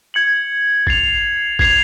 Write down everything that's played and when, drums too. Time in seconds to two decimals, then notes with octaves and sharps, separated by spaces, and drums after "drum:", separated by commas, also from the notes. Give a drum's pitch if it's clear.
0.14 G#6 C#7 F#7
0.87 A6 C7 F7, drum: kick A1
1.59 G#6 C7 F7, drum: kick A1